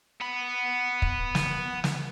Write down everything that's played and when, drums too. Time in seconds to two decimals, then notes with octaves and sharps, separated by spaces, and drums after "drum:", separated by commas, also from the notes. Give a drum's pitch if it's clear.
0.20 B3 B5
1.02 drum: kick
1.35 drum: snare
1.84 drum: snare